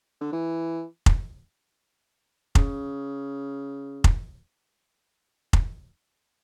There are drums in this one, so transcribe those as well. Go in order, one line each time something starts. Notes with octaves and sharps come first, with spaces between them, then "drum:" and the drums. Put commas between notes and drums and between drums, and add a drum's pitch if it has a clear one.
D3
E3
drum: kick F1
C#3, drum: kick F1
drum: kick F1
drum: kick F1